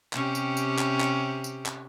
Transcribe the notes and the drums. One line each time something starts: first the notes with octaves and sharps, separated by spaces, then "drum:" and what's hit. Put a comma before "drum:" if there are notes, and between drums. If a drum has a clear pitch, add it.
C3 C#4 G4, drum: clap
drum: tambourine
drum: tambourine
drum: clap
drum: clap
drum: tambourine
drum: clap